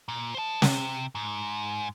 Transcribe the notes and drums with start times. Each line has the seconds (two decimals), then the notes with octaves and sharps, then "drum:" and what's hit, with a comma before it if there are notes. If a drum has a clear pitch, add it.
0.08 A#2
0.35 C5 A5
0.62 C3, drum: snare
1.15 G#2